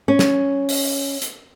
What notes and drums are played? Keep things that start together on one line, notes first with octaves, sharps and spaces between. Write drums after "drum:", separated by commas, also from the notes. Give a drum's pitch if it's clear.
C#4
drum: snare
drum: open hi-hat
drum: hi-hat